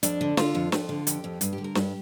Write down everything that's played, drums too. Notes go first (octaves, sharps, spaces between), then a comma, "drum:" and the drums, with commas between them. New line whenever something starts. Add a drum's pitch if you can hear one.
F2 D4, drum: hi-hat
D3
D3 F4, drum: snare
F2
F2 F4, drum: snare
D3
F2 G4, drum: hi-hat
F2
G2, drum: hi-hat
G4
D3
A#4
G2 G4, drum: snare